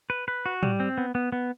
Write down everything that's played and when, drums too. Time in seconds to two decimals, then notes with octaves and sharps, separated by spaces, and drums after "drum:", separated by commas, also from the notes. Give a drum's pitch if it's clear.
0.10 B4
0.28 B4
0.46 F#4
0.63 G3, drum: tom
0.80 C4
0.98 B3
1.15 B3
1.32 B3